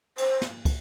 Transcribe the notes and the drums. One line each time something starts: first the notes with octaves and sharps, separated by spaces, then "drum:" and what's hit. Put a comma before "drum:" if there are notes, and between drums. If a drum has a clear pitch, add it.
C5, drum: cymbal
drum: snare
drum: kick, cymbal